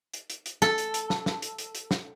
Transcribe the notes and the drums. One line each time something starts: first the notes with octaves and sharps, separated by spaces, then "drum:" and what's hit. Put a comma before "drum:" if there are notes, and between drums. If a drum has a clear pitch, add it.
drum: hi-hat
drum: hi-hat
drum: hi-hat
A4, drum: snare
drum: hi-hat
drum: hi-hat
drum: snare
drum: snare
drum: hi-hat
drum: hi-hat
drum: hi-hat
drum: snare